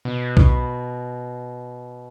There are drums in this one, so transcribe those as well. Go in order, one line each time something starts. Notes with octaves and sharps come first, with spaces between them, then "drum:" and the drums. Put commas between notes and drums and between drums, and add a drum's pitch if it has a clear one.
B2
drum: kick B1